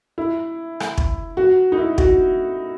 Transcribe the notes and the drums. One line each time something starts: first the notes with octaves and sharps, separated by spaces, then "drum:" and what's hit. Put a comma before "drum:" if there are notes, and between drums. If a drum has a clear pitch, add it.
E4
drum: rim click
drum: kick
F#4
D#4
E4
F#4, drum: kick